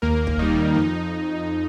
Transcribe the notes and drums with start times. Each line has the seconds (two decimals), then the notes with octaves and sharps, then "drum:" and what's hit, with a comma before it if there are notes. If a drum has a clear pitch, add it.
0.02 D#2 A#3 A#4
0.27 drum: kick
0.39 D#3 G3 D#4
0.76 F2 D#4